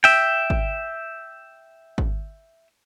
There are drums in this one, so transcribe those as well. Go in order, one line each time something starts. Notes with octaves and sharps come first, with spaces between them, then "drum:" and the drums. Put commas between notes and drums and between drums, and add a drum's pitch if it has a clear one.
E5 G5, drum: open hi-hat
drum: kick G#1
drum: kick G#1